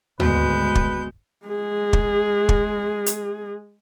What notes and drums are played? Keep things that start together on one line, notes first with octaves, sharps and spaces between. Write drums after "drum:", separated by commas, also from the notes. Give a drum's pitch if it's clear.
G#1 D2 G#3 B3 F#4 B4 G6, drum: tom D#2
drum: kick
G#3 G#4
drum: kick
drum: kick
drum: hi-hat